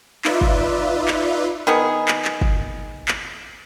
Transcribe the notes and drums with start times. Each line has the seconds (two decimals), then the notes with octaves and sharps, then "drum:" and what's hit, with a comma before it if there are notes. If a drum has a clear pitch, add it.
0.25 D#4 F4 B4 D5 E5, drum: clap
0.41 drum: kick
1.08 drum: clap
1.67 D#3 B3 G#4
2.08 drum: clap
2.25 drum: clap
2.41 drum: kick
3.08 drum: clap